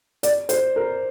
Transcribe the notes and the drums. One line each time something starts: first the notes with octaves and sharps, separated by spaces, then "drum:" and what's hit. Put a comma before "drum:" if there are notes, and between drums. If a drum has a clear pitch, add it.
D5, drum: hi-hat
C5, drum: hi-hat
A#4